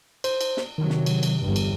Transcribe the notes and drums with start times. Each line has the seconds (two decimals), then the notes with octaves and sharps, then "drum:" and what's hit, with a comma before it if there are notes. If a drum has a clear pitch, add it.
0.24 C5, drum: cymbal
0.41 drum: cymbal
0.57 drum: snare
0.78 C3 D#3 F#3
0.90 drum: snare
1.06 drum: cymbal
1.23 drum: cymbal
1.43 G1 E2 G2
1.56 drum: cymbal